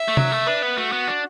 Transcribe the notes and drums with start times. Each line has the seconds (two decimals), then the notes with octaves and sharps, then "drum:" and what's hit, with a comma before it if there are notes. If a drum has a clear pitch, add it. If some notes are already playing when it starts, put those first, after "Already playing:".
Already playing: E5
0.08 A3
0.17 F#3, drum: tom C3
0.32 A3
0.46 D4 B4
0.62 B3
0.78 A3 F#4
0.92 B3
1.07 D4